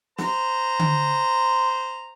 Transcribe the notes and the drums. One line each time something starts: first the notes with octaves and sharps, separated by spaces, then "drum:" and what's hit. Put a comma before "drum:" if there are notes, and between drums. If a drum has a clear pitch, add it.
C5 A#5, drum: snare
drum: tom D3